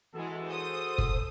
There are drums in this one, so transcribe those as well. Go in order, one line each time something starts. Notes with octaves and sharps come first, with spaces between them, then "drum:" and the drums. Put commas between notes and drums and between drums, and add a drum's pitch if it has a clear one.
E3 G#3 F#4 G#4 A4
C5 D#6
drum: kick